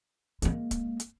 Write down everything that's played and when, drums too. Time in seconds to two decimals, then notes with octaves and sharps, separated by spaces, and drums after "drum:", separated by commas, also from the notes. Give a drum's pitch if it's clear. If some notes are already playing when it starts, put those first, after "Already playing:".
0.42 G#3 A#3, drum: hi-hat
0.71 drum: kick C#1, hi-hat
1.00 drum: hi-hat